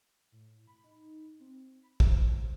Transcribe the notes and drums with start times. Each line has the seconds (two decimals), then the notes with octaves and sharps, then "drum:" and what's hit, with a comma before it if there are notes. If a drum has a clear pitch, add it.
0.32 A2
0.67 B5
0.84 D#4
1.40 C4
1.83 B5
2.00 F#5, drum: kick
2.16 C5